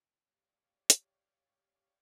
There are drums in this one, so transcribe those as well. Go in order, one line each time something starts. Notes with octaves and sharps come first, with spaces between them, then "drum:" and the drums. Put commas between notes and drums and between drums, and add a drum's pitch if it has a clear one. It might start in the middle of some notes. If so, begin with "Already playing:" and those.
G4 C#5 D5 F5
drum: hi-hat